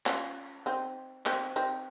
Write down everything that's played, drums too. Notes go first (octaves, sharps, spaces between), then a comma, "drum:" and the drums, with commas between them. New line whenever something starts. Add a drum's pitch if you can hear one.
C#4 F4, drum: clap
C4 D#4
C4 D#4, drum: clap
C4 D#4